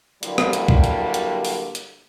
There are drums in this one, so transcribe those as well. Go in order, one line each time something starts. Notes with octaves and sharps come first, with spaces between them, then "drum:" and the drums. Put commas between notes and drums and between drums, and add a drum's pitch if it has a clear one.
G2 D3 F#3 G3 A#3 E4, drum: hi-hat
drum: rim click
drum: hi-hat
drum: kick
drum: hi-hat
drum: hi-hat
drum: open hi-hat
drum: hi-hat